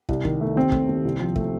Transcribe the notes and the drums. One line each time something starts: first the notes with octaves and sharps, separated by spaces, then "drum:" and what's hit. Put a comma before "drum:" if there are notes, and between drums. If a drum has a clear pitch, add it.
C2, drum: kick
D#3, drum: kick
A3
D#2 C4
A3, drum: kick
D#2
C2
F3
A3, drum: kick